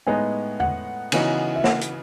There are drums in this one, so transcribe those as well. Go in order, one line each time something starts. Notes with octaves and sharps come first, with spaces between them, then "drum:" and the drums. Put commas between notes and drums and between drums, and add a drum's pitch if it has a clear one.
A2 G#3 B3 D#4 G#5
F#5, drum: tom E2
C#3 E3 B3 D#4 F#4, drum: cymbal
E5
F#5, drum: snare
drum: hi-hat